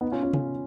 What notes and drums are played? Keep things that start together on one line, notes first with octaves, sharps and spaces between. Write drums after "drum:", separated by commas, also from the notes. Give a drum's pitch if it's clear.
B3 D#4
C#4 F4
C#4 F4
C#4 F4, drum: tom C3